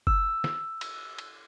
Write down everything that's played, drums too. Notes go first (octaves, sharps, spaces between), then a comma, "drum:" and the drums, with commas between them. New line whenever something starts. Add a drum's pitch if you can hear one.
E6, drum: kick F#1
drum: snare
drum: cymbal
drum: cymbal